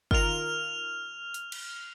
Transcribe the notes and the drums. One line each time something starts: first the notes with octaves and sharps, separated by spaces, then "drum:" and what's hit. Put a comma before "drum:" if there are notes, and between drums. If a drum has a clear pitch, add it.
D#3 F4 A#4 F6 F7, drum: kick
drum: hi-hat
drum: cymbal